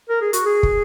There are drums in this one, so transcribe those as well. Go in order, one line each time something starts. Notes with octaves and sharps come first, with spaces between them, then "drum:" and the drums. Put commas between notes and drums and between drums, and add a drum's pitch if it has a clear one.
A#4
G#4
F#4, drum: hi-hat
G#4
drum: kick